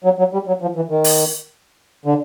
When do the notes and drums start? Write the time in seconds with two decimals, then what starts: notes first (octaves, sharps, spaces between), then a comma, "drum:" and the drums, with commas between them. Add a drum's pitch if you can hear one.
0.04 F#3
0.19 F#3
0.33 G3
0.47 F#3
0.62 F3
0.76 E3
0.90 D#3
1.04 drum: open hi-hat
2.05 D3